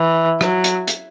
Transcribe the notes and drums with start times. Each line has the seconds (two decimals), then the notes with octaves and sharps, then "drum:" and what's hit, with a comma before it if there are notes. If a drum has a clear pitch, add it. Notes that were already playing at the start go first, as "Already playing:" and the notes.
Already playing: E3
0.41 F#3, drum: rim click
0.64 drum: hi-hat
0.88 drum: hi-hat